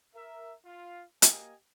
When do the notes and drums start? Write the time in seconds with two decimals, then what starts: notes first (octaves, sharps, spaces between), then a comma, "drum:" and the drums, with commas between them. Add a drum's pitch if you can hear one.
0.15 A#4 E5
0.65 F4
1.22 A#3 G4 D#5 G#5, drum: hi-hat